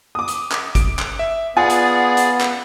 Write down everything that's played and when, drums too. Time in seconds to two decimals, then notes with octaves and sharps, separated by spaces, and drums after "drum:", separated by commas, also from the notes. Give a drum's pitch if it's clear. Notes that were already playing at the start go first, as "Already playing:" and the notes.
0.15 D6 D#6
0.28 drum: hi-hat
0.52 drum: clap
0.75 D7, drum: kick G1, hi-hat
0.99 drum: clap
1.19 E5
1.57 B3 F4 G#4 D5 F#5 G#5
1.70 drum: hi-hat
2.17 drum: hi-hat
2.41 drum: clap